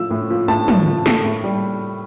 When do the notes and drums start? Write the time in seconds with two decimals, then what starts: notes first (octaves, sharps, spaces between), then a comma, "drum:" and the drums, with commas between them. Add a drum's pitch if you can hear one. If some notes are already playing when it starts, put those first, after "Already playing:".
Already playing: A2 F3 E6
0.11 A2
0.30 F3
0.48 A2 A5
0.68 A2, drum: tom
0.86 F3
1.06 A3, drum: snare
1.25 A2
1.44 G3